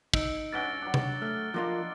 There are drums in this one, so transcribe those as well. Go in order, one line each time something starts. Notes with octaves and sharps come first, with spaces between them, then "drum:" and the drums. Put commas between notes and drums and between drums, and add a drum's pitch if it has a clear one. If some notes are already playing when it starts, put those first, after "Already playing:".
D#4 E6 C#7 D7, drum: kick
G2 C#4 F#4 A6 D7 G7
F#3 D4
drum: tom
A3 F6
F3 A#3 D4 F4 D#5 C6